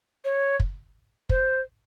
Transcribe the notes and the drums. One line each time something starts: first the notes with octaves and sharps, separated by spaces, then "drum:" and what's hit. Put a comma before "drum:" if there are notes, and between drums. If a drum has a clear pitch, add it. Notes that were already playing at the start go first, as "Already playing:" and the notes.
C#5
drum: kick
C5, drum: kick